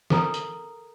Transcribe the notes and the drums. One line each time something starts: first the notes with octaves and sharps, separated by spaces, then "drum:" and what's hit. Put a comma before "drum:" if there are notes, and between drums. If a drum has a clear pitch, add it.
A4 A#4 A#5 D#6, drum: snare
drum: hi-hat